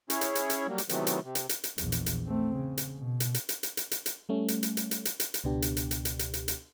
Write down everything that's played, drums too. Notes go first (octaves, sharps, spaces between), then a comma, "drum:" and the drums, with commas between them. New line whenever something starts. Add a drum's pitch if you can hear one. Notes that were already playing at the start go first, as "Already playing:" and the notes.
C#4 E4 G#4 C#5, drum: hi-hat
drum: hi-hat
drum: hi-hat
drum: hi-hat
F#3 G3 A#3
drum: hi-hat
C3 D#3 E3 F#3 A3 B3, drum: hi-hat
drum: hi-hat
C3
drum: hi-hat
drum: hi-hat
drum: hi-hat
A#1 E2, drum: hi-hat
drum: hi-hat
drum: hi-hat
A3 C4
C#3
drum: hi-hat
B2
drum: hi-hat
drum: hi-hat
drum: hi-hat
drum: hi-hat
drum: hi-hat
drum: hi-hat
drum: hi-hat
G3 A3 C#4
drum: hi-hat
drum: hi-hat
drum: hi-hat
drum: hi-hat
drum: hi-hat
drum: hi-hat
drum: hi-hat
C#2 B2 B3 D4 G4
drum: hi-hat
drum: hi-hat
drum: hi-hat
drum: hi-hat
drum: hi-hat
drum: hi-hat
drum: hi-hat